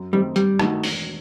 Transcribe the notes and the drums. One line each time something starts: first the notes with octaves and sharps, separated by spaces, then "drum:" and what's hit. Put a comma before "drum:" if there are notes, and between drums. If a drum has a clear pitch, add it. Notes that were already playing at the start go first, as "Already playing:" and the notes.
Already playing: F#2
D#3 G3 A3 C4 D#4
G2 G3, drum: hi-hat
D#3 A3 D#4 F#4, drum: rim click
E1, drum: open hi-hat